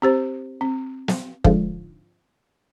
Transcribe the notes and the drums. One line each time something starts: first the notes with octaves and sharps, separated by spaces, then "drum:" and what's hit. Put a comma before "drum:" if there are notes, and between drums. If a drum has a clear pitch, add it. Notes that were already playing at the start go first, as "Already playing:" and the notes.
C4 G4 C5
C4
drum: snare
G#2 D3 F3, drum: kick